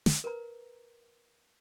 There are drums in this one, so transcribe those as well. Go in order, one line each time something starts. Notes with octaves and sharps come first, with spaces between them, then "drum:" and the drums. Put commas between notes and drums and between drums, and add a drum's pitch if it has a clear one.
drum: snare
A#4 B4 A#5